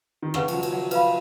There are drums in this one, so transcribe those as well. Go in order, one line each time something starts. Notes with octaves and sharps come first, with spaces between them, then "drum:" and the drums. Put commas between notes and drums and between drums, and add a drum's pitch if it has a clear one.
D#3
C#3 C#4 G#4 B4 F#5 C#6, drum: rim click
F3, drum: cymbal
F#3
drum: cymbal
F#3
F3 B4 F5 B5, drum: cymbal